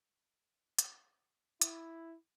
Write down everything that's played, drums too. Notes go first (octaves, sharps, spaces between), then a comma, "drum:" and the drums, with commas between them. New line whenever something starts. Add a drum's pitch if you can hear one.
drum: hi-hat
E4, drum: hi-hat